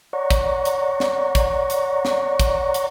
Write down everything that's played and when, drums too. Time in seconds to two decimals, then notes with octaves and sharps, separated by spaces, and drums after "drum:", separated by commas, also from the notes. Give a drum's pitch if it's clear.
0.13 C#5 D5 F#5 A#5 C#6
0.30 drum: kick, hi-hat
0.65 drum: hi-hat
1.00 drum: snare
1.35 drum: kick, hi-hat
1.70 drum: hi-hat
2.05 drum: snare
2.40 drum: kick, hi-hat
2.74 drum: hi-hat